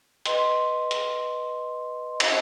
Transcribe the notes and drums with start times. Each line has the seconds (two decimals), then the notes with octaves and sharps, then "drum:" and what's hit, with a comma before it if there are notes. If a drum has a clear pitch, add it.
0.26 B4 D#5 C6, drum: hi-hat
0.91 drum: hi-hat
2.20 drum: cymbal